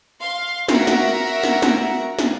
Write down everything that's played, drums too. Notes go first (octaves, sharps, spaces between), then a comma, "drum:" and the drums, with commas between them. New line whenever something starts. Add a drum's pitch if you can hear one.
F5 C6
F#4 A#4 E5 F#5 A#5, drum: snare
drum: snare
drum: snare
drum: snare
drum: snare